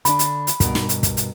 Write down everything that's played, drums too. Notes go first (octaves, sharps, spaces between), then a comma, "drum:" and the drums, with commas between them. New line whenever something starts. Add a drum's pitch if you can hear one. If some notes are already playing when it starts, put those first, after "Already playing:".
D3 D4 B5, drum: hi-hat
drum: hi-hat
drum: hi-hat
G2 B2 A#4, drum: kick, hi-hat
drum: snare
drum: hi-hat
drum: kick, hi-hat
drum: hi-hat